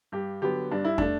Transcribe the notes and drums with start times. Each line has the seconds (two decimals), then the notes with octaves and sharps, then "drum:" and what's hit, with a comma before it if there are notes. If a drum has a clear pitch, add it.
0.12 G2 G4
0.41 D3 F#3 B3 G4
0.71 G2 D4
0.84 E4
0.98 A3 D4, drum: kick